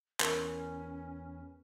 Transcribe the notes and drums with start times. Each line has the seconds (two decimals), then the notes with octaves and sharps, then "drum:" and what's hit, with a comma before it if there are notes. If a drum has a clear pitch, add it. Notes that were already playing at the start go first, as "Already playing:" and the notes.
0.20 E2 C#4 A#4 B4 C#5, drum: clap